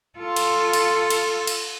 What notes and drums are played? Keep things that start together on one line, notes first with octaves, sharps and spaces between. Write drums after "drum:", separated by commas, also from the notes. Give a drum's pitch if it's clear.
F4 A4
drum: cymbal
drum: cymbal
drum: cymbal
drum: cymbal